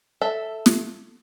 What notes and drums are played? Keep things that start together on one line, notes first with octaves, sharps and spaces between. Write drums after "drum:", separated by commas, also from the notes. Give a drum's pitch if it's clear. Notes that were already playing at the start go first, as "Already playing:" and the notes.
A4 E5
drum: snare